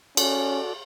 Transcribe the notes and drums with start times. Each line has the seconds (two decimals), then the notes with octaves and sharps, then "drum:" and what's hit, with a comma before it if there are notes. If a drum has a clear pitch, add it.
0.17 C#4 F#4 A4 D5, drum: cymbal